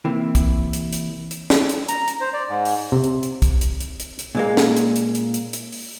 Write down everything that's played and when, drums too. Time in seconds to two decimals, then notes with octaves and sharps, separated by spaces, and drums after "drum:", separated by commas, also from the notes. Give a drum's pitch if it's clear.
0.05 C3 E3 A#3
0.35 drum: kick, hi-hat
0.73 drum: hi-hat
0.93 drum: hi-hat
1.31 drum: hi-hat
1.50 drum: snare
1.69 drum: hi-hat
1.89 A#5, drum: hi-hat
2.08 drum: hi-hat
2.21 C5
2.33 D5
2.49 G#2
2.65 drum: open hi-hat
2.92 C3
3.04 drum: hi-hat
3.23 drum: hi-hat
3.42 drum: kick, hi-hat
3.61 drum: hi-hat
3.80 drum: hi-hat
4.00 drum: hi-hat
4.19 drum: hi-hat
4.35 A#2 G#3 A#3
4.57 drum: snare
4.76 drum: hi-hat
4.96 drum: hi-hat
5.15 drum: hi-hat
5.34 drum: hi-hat
5.53 drum: hi-hat
5.72 drum: open hi-hat